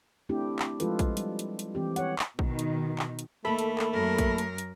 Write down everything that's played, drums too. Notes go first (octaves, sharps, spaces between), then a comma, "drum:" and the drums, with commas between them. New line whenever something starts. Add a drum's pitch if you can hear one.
A3 C4 D4 E4 G4
drum: clap
F3 G#3 F4 A4 B4, drum: hi-hat
drum: kick, hi-hat
G3, drum: hi-hat
drum: hi-hat
drum: hi-hat
E3 C4 G4
C#5 F#5, drum: hi-hat
drum: clap
B2 D#3, drum: kick
drum: hi-hat
drum: clap
drum: hi-hat
D#2 A3 A#3 A4 B5
drum: hi-hat
drum: clap
F#2 A#4
drum: kick, hi-hat
drum: hi-hat
drum: hi-hat